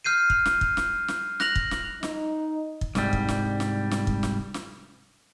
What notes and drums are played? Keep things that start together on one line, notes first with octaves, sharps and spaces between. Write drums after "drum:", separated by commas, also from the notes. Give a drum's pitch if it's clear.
F6 G6 C7 D#7
drum: kick
drum: snare
drum: kick
drum: snare
drum: snare
F#6 A#6 F7 F#7, drum: snare
drum: kick
drum: snare
D#4, drum: snare
drum: kick
C2 G#2 G3, drum: snare
drum: kick
drum: snare
drum: snare
drum: snare
drum: kick
drum: snare
drum: snare